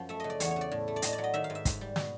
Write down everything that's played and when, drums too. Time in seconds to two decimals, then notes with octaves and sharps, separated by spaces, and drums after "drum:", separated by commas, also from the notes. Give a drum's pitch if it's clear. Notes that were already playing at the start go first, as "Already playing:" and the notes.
Already playing: F#2 F3
0.09 A3 E5
0.20 C#3 D#5
0.30 D5
0.40 E2 C#5, drum: hi-hat
0.51 C#5
0.56 C#3 D5
0.72 A2
0.88 A3
0.96 D5
1.02 A2 D#5, drum: hi-hat
1.13 D5
1.18 F#3
1.24 D#5
1.34 D#3 E5
1.44 F5
1.50 G#2
1.55 E5
1.65 G#2, drum: kick, hi-hat
1.81 G3
1.96 B2, drum: snare